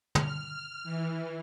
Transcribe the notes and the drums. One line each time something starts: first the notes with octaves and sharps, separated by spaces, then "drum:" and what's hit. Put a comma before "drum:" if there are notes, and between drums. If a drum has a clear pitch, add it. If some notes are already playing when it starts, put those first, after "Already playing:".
F6, drum: tom
E3